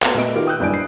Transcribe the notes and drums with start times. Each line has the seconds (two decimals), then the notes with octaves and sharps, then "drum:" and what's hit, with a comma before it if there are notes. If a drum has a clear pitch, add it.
0.02 A#3 B3 F#4 A4 B4, drum: clap
0.14 A#2 A3 B3 D#5 D7
0.34 D#3 F4 G4 A#4
0.47 G5 D#6 E6 F#6 G6
0.60 F#1 G2 E4 D5 G#5 D7
0.74 C7